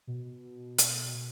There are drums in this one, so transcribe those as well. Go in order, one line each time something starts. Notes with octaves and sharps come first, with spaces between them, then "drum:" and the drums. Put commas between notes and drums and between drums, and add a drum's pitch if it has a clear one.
B2
drum: hi-hat